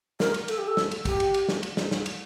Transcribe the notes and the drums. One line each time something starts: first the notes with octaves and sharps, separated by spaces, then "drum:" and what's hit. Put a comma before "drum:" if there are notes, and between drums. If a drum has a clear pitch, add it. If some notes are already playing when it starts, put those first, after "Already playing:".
A#4, drum: snare
drum: cymbal
A4, drum: cymbal
G4
A4
drum: snare
drum: cymbal
G4, drum: kick, cymbal
drum: cymbal
drum: cymbal
drum: snare
drum: cymbal
drum: snare
drum: snare
drum: cymbal